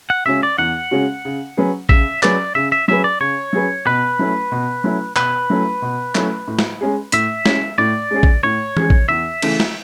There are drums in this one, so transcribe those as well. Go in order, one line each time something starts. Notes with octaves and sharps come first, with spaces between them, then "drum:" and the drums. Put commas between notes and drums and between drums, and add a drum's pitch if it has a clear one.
F#5
C#3 G#3 C#4 F#4 E5
D5
E2 F#5
C#3 G#3 C#4 F#4
C#3
F#3 C#4 G#4 B4
C#3 E5, drum: kick A1
F#3 C#4 G#4 B4 D5, drum: clap
C#3 E5
E5
F#3 C#4 G#4 B4 E5
D5
C#3 C#5
F#3 C#4 G#4 B4
B2 B4
F#3 A3 C#4 E4
B2
F#3 A3 C#4 E4
B2 B4, drum: clap
F#3 A3 C#4 E4
B2
F#3 A3 C#4 E4, drum: clap
A2
drum: snare
G#3 C#4 G#4
A2 E5, drum: hi-hat
G#3 C#4 G#4, drum: snare
A2 D5
G#3 C#4 G#4
drum: kick A1
A2 C#5
G#3 C#4 G#4, drum: tom E3
drum: kick A1
E2 E5
C#3 E3 A3, drum: cymbal
drum: snare